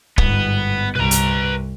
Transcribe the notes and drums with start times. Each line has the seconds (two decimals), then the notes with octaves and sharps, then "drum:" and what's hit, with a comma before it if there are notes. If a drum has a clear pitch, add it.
0.18 G1 G#2 B3, drum: kick
0.95 C2 B4 A#5
1.11 drum: hi-hat